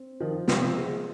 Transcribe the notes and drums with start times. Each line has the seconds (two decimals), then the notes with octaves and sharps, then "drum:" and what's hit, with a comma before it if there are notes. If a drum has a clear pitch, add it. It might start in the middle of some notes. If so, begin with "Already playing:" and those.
Already playing: C4
0.20 D#3 F3
0.48 C3 F3, drum: snare
0.76 G#3